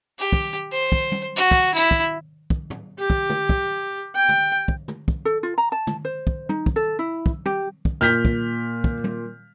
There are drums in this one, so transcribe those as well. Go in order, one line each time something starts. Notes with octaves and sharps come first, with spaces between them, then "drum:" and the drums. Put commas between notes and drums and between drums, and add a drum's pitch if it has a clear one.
G4
drum: kick
C5
drum: kick
drum: tom
F#4
drum: kick
E4
drum: kick
drum: kick
drum: tom
G4
drum: kick
drum: tom
drum: kick
G5
drum: tom
drum: kick
drum: tom
drum: kick
A4
F4
A#5
A5
drum: tom
C5
drum: kick
D#4, drum: tom
drum: kick
A4
E4
drum: kick
G4, drum: tom
drum: kick
A#2 F6 G6 B6
drum: kick
drum: kick
drum: tom